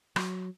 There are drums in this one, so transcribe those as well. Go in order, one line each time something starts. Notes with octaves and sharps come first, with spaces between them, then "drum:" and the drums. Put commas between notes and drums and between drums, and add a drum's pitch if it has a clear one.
F#3, drum: rim click